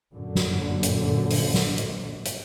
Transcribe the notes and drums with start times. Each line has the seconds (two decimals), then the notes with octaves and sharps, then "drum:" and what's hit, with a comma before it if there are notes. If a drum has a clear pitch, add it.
0.12 G1 F#2 A#2 D3
0.35 drum: snare
0.83 drum: hi-hat
1.30 drum: open hi-hat
1.54 drum: snare
1.78 drum: hi-hat
2.25 drum: hi-hat